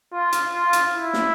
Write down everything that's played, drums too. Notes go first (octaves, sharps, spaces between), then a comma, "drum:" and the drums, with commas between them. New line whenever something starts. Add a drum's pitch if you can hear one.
F4
drum: hi-hat
F4
drum: hi-hat
E4
drum: snare